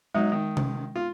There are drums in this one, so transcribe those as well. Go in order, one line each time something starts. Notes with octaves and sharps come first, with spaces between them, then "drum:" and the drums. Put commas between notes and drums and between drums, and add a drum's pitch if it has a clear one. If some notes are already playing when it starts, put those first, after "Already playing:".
F#3 G#3 D#4
D#3
drum: tom C3
F4